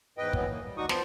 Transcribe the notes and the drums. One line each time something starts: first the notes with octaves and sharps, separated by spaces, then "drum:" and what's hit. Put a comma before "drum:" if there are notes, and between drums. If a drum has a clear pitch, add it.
E2 G#2 B4 D#5 G5
D#2 E3 F#3 B3, drum: kick
E3 A#3
G3
D2 D4 D#4 F#4 C#6 D#6
F3 B3 C5 A5 C6, drum: snare